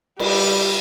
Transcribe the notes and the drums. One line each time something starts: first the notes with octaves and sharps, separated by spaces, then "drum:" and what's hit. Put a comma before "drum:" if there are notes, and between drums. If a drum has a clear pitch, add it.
G3, drum: cymbal